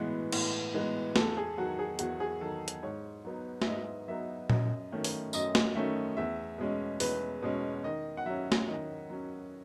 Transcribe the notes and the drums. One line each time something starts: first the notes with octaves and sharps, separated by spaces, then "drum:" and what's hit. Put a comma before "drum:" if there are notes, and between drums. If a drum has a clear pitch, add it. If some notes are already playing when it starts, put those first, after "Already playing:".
Already playing: A2 E3 G#3 B3 F#4
A2, drum: cymbal
E3 G#3 B3
E2 A4, drum: snare
G#4
D#3 F#3 F#4
G#4
E2 F#4, drum: hi-hat
G#4
D#3 F#3 A4
drum: hi-hat
G#2 C#5
F#3 B3 D#4
E5, drum: snare
G#2 D#5
F#3 B3 D#4 E5
F#2 D#5, drum: tom A#2
D#3 A3 C#4
drum: open hi-hat
F#2 D#5, drum: tambourine
drum: snare
D#3 A3 C#4 E5
E2 E5
B2 G#3 C#4
E2 B4, drum: open hi-hat
B2 G#3 C#4
D#3 D#5
F#5
F#3 C#4 E5
drum: snare
D#3 D#5
F#3 C#4